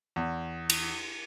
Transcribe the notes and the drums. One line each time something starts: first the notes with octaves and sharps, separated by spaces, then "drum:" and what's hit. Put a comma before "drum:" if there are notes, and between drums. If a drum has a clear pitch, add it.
E2
drum: cymbal